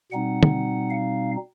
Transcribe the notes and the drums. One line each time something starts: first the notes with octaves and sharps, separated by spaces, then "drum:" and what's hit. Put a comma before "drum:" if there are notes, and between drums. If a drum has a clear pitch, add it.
B2 G3 C4 D#4 F#5
drum: tom
F5